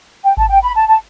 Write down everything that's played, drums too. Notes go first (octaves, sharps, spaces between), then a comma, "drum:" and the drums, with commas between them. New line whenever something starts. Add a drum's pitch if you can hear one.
G5
A5, drum: kick G#1
G5
B5
A5
A5